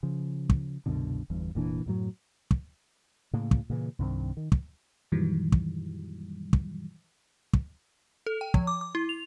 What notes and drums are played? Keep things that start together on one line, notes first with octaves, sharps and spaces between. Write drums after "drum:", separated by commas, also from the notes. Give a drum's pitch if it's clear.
C#3 F3
drum: kick
C2 F#2 B2 D3
G1 E2 G2
F1 A#2 E3 D4
F#2 A2 F#3
drum: kick
A2 C#3 A#3
drum: kick
A#2 C#3 E3
C2 G2 D#3 C4
D#3
drum: kick
F#2 A#2 D#3 E3 F#3 G3
drum: kick
drum: kick
drum: kick
A4
G5
F3, drum: kick
D6
D6
E4
F7